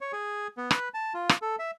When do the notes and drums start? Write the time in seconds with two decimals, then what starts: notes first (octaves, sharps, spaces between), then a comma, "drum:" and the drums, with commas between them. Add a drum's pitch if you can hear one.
0.01 C#5
0.13 G#4
0.58 B3
0.71 B4, drum: rim click
0.94 A5
1.14 F4
1.29 drum: rim click
1.42 A4
1.59 E5